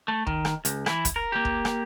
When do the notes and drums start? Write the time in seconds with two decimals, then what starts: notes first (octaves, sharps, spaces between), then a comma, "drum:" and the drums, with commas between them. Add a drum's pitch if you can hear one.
0.08 A3
0.27 D#3, drum: kick
0.45 drum: rim click
0.65 C#2, drum: hi-hat
0.86 E3 E4, drum: rim click
1.05 drum: kick, hi-hat
1.16 A#4
1.32 A#3 G4
1.45 drum: kick
1.65 drum: rim click